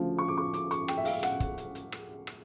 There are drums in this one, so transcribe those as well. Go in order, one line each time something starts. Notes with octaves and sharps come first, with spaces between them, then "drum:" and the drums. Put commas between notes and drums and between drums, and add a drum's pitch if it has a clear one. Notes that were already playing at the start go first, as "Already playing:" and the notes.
Already playing: D2 C#3 F3
C#6
D6
C#6
D6, drum: hi-hat
C#6, drum: hi-hat
G5, drum: rim click
E5
F5, drum: open hi-hat
F#5, drum: rim click
drum: kick, hi-hat
drum: hi-hat
drum: hi-hat
drum: rim click
drum: rim click